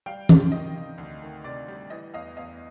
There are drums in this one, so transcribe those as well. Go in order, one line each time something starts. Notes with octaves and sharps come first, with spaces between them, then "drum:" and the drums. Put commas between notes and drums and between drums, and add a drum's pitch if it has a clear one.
G3 F5 G5
C3, drum: tom E3
D#3 D#5
C3
D2
D#3
C3 D5
G3
E3 D#5
E2 D#5 F5
E2 D#5 F5